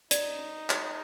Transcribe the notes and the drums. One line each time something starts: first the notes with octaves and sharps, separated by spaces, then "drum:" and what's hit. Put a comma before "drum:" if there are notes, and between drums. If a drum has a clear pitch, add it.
D#4 D5, drum: hi-hat
drum: clap